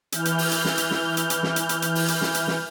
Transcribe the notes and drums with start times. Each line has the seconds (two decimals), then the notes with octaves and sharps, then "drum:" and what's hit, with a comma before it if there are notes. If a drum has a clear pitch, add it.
0.12 E3 F6 G6, drum: hi-hat
0.25 drum: hi-hat
0.38 drum: open hi-hat
0.52 drum: hi-hat
0.65 drum: snare
0.78 drum: hi-hat
0.91 drum: snare
1.17 drum: hi-hat
1.30 drum: hi-hat
1.43 drum: snare
1.56 drum: hi-hat
1.69 drum: hi-hat
1.82 drum: hi-hat
1.95 drum: open hi-hat
2.08 drum: hi-hat
2.21 drum: snare
2.34 drum: hi-hat
2.48 drum: snare